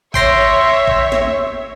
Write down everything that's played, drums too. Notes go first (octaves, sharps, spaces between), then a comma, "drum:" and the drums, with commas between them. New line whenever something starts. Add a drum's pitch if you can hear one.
C#5 E5 G5 C6 A#6, drum: kick G#1
drum: kick G#1
drum: snare